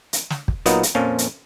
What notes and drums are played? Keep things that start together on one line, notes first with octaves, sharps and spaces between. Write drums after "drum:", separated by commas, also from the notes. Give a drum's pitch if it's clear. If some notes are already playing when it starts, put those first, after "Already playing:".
drum: hi-hat
drum: snare
drum: kick
A#2 F#3 A#3 B3 D#4, drum: hi-hat
drum: hi-hat
F2 A#2 F3 C#4
drum: hi-hat